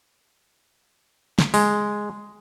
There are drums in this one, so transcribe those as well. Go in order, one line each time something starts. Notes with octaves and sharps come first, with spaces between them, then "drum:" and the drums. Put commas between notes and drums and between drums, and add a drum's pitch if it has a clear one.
drum: snare
G#3, drum: open hi-hat